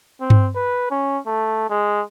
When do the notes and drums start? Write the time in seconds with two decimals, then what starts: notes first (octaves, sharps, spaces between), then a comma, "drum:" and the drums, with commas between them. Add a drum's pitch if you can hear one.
0.21 C4
0.30 drum: tom G2
0.56 B4
0.91 C#4
1.26 A3
1.70 G#3